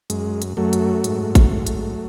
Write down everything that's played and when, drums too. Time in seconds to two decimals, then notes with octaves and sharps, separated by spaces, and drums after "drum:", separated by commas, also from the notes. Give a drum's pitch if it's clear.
0.10 F#2 G#3, drum: hi-hat
0.42 drum: hi-hat
0.57 F#2 F#3 A3
0.73 drum: hi-hat
1.04 G#2, drum: hi-hat
1.35 drum: kick G#1, hi-hat
1.51 G#2
1.67 drum: hi-hat